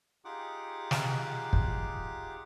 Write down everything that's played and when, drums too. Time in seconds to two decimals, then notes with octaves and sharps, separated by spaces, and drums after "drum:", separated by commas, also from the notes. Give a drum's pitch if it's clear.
0.25 D#4 F4 G4 G#4 F#5 D6
0.91 drum: snare
1.53 drum: kick